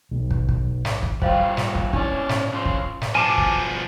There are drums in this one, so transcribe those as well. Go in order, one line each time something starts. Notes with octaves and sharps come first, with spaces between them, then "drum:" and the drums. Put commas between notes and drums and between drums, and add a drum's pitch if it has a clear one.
B1
drum: kick
drum: kick
drum: snare
drum: kick
G3 F4 C5 F5 G5, drum: kick
drum: snare
drum: kick
C#4 D4 E4 D5 C#6, drum: kick
drum: snare
C#4 F4 C5
drum: kick
drum: snare
B2 F3 G#5 A5 D6
drum: kick